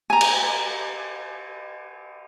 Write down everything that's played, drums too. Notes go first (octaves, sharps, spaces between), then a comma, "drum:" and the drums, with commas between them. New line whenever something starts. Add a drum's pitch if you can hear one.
G#5 A#5
drum: cymbal